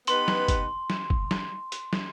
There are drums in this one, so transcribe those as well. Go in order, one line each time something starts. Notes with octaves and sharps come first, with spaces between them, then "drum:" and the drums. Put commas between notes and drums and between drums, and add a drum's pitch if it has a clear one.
B3 D#4 G4 B4 C6, drum: hi-hat
drum: snare
drum: kick, hi-hat
drum: snare
drum: kick
drum: snare
drum: hi-hat
drum: snare